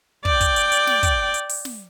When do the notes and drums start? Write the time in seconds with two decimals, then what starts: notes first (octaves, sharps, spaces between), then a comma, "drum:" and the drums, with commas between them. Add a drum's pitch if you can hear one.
0.25 D5 G5, drum: kick
0.41 drum: kick, hi-hat
0.56 drum: hi-hat
0.72 drum: hi-hat
0.87 drum: snare
1.03 drum: kick, hi-hat
1.34 drum: hi-hat
1.49 drum: open hi-hat
1.65 drum: snare